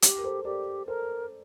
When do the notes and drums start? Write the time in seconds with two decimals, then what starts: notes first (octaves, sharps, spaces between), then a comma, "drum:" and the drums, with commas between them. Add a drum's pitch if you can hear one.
0.02 G4, drum: hi-hat
0.18 A#4
0.24 A4 C5
0.44 G4 A#4 D5
0.87 A4 A#4 C5